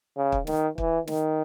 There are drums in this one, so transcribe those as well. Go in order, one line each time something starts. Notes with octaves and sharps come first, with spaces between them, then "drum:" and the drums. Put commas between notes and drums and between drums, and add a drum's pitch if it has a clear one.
C#3
drum: kick
D#3, drum: snare
E3, drum: kick
D#3, drum: snare